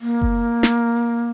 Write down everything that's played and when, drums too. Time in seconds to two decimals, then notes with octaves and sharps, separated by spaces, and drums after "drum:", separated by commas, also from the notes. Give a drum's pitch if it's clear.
0.01 A#3
0.22 drum: kick F#1
0.63 drum: snare